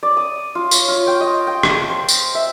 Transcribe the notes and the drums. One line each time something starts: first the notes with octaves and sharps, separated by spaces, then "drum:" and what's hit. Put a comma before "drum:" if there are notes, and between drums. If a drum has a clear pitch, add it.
D5
D#6
F4
C#5, drum: tambourine
F4
G5
D#5
G5
A5, drum: rim click
C5
drum: tambourine
E5